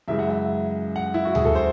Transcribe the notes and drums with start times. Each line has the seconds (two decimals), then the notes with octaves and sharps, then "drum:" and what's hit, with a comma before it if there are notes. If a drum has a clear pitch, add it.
0.08 F#2 C#3 E3 G#3 E5
0.19 F#5
0.30 E5
0.96 F#5
1.14 E4
1.25 F#4
1.35 G#4, drum: tom D2
1.45 A4
1.55 C5